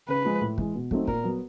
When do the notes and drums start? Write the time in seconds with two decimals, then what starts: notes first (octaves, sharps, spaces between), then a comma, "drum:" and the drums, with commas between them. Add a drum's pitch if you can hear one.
0.08 C#3 B4
0.25 F3 G#3
0.41 A2
0.58 E3 G#3, drum: kick
0.75 B2
0.91 F#3 A3 C4 D#4, drum: kick
1.07 A#2 A#4, drum: kick
1.23 F#3 B3